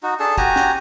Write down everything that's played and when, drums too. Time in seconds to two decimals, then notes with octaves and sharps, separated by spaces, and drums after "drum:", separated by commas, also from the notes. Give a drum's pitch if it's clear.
0.03 D#4 F#4
0.20 D4 G#4 A4 A5
0.38 F#4 G4 G#5 A#5, drum: kick, hi-hat
0.56 drum: snare